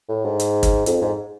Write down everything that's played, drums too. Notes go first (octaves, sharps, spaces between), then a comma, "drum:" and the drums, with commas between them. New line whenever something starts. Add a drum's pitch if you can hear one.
A2
G#2
drum: hi-hat
drum: kick, hi-hat
F2, drum: hi-hat
G#2